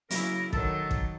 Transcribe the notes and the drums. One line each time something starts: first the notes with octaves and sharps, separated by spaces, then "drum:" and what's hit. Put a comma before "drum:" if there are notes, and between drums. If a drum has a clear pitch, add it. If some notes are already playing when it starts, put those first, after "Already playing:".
C#3 F#3 A#3 E4 F#4 A#4, drum: hi-hat
D#3 F#3 A4 A#4 A5 A6, drum: kick
drum: kick